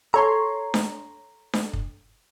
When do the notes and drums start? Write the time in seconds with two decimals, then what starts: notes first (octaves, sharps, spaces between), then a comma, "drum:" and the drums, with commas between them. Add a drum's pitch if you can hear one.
0.14 A4 C#5 A#5 C6
0.74 drum: snare D4
1.53 drum: snare D4
1.73 drum: kick